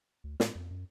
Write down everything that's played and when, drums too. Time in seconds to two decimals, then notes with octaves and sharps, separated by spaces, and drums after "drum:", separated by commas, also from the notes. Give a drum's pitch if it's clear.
0.24 D2
0.40 A2, drum: snare
0.55 F2
0.70 F#2